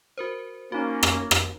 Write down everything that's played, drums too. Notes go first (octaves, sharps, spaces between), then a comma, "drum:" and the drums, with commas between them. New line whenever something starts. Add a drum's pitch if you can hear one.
F#4 A#4 C5
A#3 C#4 D#4 F#4
drum: rim click
drum: rim click